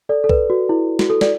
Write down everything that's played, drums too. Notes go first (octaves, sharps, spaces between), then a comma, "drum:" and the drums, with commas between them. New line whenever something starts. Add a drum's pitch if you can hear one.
A4 D5
A4
B4, drum: kick B1
F#4
E4
F#4, drum: snare
A4
D5, drum: snare